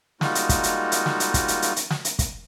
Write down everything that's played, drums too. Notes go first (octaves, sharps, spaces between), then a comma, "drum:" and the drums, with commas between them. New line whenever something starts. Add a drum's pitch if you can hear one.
G3 G#3 A#3 D#4 F4 F#4, drum: snare
drum: hi-hat
drum: kick, hi-hat
drum: hi-hat
drum: hi-hat
drum: snare
drum: hi-hat
drum: kick, hi-hat
drum: hi-hat
drum: hi-hat
drum: hi-hat
drum: snare
drum: hi-hat
drum: kick, hi-hat